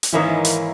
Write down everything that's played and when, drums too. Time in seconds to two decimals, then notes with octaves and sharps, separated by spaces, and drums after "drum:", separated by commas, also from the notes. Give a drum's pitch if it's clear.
0.03 drum: hi-hat
0.13 G#2 D#3 E3 A#3 C#4 E4
0.45 drum: hi-hat